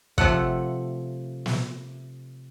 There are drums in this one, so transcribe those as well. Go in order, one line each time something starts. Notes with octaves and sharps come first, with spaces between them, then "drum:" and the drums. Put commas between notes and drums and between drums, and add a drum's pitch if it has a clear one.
C3 F3 A3 F#5, drum: kick
drum: snare